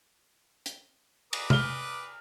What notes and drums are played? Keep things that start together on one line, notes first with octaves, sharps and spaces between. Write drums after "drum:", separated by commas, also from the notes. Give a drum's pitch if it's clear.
drum: hi-hat
B4 D6 D#6, drum: cymbal
F6 G7, drum: tom C3